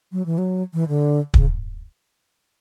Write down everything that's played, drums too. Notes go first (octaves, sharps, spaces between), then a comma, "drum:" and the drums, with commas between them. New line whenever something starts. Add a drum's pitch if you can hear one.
F#3
E3
F#3
E3
D3
C#3, drum: kick